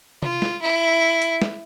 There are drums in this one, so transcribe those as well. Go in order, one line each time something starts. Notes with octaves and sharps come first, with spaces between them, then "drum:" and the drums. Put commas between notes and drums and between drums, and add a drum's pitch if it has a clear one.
F4, drum: tom C3
drum: snare
E4
drum: hi-hat
drum: snare